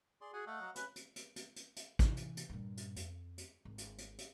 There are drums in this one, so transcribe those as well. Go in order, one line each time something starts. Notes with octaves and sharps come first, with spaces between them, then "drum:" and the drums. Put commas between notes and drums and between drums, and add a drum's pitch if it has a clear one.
G#4 D5 C6
F#4 G#4 F#5 G#5
A3 D#5 F5 F#5
F#3
C#4 B4 F#6, drum: hi-hat
drum: hi-hat
drum: hi-hat
drum: hi-hat
drum: hi-hat
drum: hi-hat
C3 E3, drum: kick, hi-hat
drum: hi-hat
drum: hi-hat
G2 A#2
drum: hi-hat
F2, drum: hi-hat
drum: hi-hat
G#1
drum: hi-hat
drum: hi-hat
drum: hi-hat